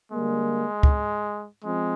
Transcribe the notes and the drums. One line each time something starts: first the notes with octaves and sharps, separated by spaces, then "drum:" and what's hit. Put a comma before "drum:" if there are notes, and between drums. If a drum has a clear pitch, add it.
D3 G3 G#3 A#3
drum: kick C#2
F3 G#3 C4